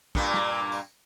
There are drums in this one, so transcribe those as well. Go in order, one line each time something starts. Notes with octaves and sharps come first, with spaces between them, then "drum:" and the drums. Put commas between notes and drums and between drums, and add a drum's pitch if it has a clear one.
G2 A#2 A#3, drum: kick
drum: snare
drum: tambourine